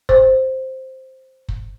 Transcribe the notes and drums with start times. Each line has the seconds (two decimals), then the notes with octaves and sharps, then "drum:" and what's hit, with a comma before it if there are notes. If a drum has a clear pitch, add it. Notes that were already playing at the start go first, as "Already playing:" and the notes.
0.09 C5, drum: kick
1.49 drum: kick